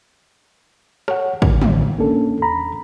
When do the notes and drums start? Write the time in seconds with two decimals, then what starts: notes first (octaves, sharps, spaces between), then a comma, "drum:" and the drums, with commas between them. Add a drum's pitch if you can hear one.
1.08 C#5 F#5, drum: rim click
1.42 A2 D3 D#3, drum: kick
1.62 drum: tom
1.98 A#3 C#4 D4 A4
2.42 E2 A#5 B5